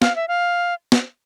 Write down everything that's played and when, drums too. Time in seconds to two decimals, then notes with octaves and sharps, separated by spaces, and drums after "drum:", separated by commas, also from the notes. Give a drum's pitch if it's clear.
0.02 F5, drum: snare
0.16 E5
0.28 F5
0.92 drum: snare